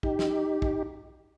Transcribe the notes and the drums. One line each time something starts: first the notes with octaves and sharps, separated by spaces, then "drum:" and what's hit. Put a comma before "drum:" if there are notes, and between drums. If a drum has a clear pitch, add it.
D#4 G4, drum: kick
drum: snare
drum: kick